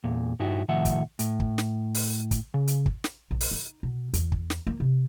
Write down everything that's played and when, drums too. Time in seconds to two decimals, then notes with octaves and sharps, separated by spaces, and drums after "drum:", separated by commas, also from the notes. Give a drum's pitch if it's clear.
0.04 E2 A#2
0.39 G2 D#4 E4 F#4
0.68 C2 A2 D#3 F3 E5 F#5
0.85 drum: kick, hi-hat
1.19 A2, drum: hi-hat
1.40 drum: kick
1.58 drum: snare
1.94 drum: open hi-hat
2.31 drum: kick, hi-hat
2.54 C#3
2.68 drum: hi-hat
2.86 drum: kick
3.04 drum: snare
3.31 A#1
3.41 drum: open hi-hat
3.51 D#4
3.83 B2
4.14 E2, drum: hi-hat
4.32 drum: kick
4.50 drum: snare
4.67 A#3
4.80 C3